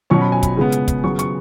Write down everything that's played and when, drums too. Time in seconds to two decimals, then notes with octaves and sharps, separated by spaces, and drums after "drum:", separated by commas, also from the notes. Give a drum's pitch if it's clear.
0.10 B2 F#3 C#4 C#6
0.21 B5
0.32 G#5
0.43 B5, drum: kick, hi-hat
0.57 C#3 G#3 B3
0.72 drum: hi-hat
0.88 drum: kick, hi-hat
1.04 C#3 F#3 B3 C#6
1.19 C#6, drum: hi-hat